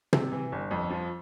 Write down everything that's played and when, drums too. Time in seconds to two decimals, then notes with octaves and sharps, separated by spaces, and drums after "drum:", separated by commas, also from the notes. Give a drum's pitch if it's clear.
0.13 C3, drum: tom
0.32 E3
0.52 G1
0.71 F2
0.90 F3